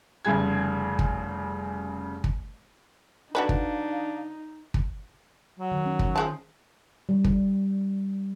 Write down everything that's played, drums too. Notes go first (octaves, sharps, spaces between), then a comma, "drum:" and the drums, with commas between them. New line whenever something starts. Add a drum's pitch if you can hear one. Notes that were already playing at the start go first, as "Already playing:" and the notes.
F1 C#3 G3 G#4 G#6
drum: kick
drum: kick
D3 D4 D#4 F#4 B4 F5
drum: kick
drum: kick
F#3
D#3
C#4
drum: kick
F3 G#3 A5
G3
drum: kick